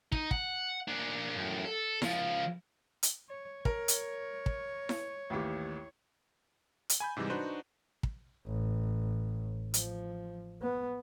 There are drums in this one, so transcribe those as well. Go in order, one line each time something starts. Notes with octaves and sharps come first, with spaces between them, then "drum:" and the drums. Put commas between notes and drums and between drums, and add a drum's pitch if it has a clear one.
D#4, drum: kick
F#5, drum: kick
A#3 D4
F#2 A2
A4
C#2 F3, drum: snare E4
drum: hi-hat
C#5
A#4 C#5, drum: kick
drum: hi-hat
drum: kick
drum: snare E4
A1 D#2 G4
drum: hi-hat
G#5 B5 G6
G#2 C3 E3 G3 G#3
D4 D#4 F#4 B4 C5
drum: kick
A1
F3, drum: hi-hat
B3